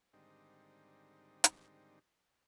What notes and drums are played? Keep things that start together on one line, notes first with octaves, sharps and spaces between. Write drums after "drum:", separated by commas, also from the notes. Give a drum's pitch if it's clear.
G#2 D3 D#3 G3 C4 D#4
drum: hi-hat